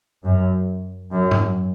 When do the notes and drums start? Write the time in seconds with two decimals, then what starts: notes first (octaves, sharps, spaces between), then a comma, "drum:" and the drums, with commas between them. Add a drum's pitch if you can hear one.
0.25 F#2
1.11 F#2
1.31 drum: tom G#2